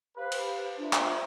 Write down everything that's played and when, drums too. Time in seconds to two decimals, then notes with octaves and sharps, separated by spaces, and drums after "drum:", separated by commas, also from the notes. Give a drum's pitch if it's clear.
0.17 G4 B4 C5 F5
0.32 drum: cymbal
0.77 D4 F4 C5 E5
0.93 drum: clap